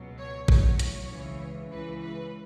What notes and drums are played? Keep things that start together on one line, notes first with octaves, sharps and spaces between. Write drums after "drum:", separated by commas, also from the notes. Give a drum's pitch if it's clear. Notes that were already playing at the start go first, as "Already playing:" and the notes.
Already playing: C#2 B2 F#3
C#5
B1 A2 F#3 C#5, drum: kick A1
C#5, drum: hi-hat
C#2 C#3 E3
C#2 C#3 E3 B4
B4